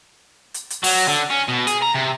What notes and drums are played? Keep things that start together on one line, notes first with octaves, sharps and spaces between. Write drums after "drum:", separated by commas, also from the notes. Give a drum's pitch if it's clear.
drum: hi-hat
drum: hi-hat
F#3, drum: open hi-hat
D3
C#4
B2
G#4, drum: hi-hat
A#5
C3